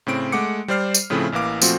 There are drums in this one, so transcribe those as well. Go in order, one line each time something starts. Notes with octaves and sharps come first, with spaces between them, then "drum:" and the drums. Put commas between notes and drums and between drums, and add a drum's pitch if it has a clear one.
A2 C#3 C4 D7
G#3 A3 F#5 D6 C#7
G3 C5 D5 F6 C7
drum: tambourine
A2 C#3 F3 A3 C4 E4
A1 E3 A#3 F5 D6
A#2 F3 A3 C4 F4 F#4, drum: tambourine